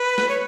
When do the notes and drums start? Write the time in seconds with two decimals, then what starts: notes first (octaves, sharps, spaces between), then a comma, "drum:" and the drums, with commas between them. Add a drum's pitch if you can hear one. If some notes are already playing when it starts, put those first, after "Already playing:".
Already playing: B4
0.18 drum: snare
0.29 C#5